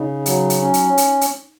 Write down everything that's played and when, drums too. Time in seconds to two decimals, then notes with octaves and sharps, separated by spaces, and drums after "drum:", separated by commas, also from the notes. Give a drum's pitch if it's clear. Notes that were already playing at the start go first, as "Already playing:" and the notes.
Already playing: C#3 D#4
0.26 F#3, drum: hi-hat
0.50 drum: hi-hat
0.62 C#4
0.74 drum: hi-hat
0.97 drum: hi-hat
1.21 drum: hi-hat